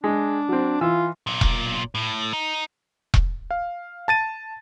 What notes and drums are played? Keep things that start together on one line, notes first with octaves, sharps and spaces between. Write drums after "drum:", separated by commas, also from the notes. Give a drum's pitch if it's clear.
G#3 D4
F#3 C4
E3 F4 E6
B1 A#2
drum: kick E1
A2
D#4
drum: kick E1
F5
A5 A6 D#7